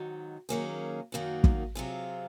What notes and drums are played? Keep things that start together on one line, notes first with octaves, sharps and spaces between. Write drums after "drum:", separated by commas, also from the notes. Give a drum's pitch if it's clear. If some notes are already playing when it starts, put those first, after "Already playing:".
Already playing: G#2 D#3 F#3
D#3 F#3 A#3 C#4 G#4
F#2 D#3 A#3 D#4 F#4
drum: kick
C3 F#3 C4 F4 G#4